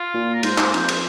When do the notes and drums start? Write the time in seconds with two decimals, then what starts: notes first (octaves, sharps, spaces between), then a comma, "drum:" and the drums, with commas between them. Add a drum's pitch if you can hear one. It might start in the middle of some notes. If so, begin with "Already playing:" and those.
Already playing: F4
0.14 A#2
0.33 A#4
0.43 G#2 C5, drum: cymbal
0.58 G#2 C5, drum: clap
0.74 F2, drum: cymbal
0.89 drum: cymbal